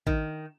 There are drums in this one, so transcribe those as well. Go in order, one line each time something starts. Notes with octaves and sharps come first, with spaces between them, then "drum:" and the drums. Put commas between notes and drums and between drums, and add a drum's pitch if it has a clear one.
D#3, drum: kick